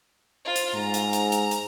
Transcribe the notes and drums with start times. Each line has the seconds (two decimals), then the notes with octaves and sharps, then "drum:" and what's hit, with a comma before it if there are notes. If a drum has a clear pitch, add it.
0.45 F4 C5
0.56 drum: hi-hat
0.75 G#2 A#5
0.94 drum: hi-hat
1.13 drum: hi-hat
1.32 drum: hi-hat
1.51 drum: hi-hat